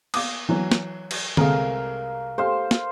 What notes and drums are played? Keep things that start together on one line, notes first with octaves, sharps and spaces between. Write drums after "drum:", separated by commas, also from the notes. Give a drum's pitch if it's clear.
F5 D6 D#6, drum: cymbal
E3 F#3
drum: snare
drum: cymbal
C2 G#3 G#4 A#4 F5, drum: tom D3
G4 C5 F5
drum: snare